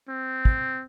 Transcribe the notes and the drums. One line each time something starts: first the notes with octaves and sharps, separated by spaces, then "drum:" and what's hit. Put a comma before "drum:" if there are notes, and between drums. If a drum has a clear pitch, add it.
C4
drum: kick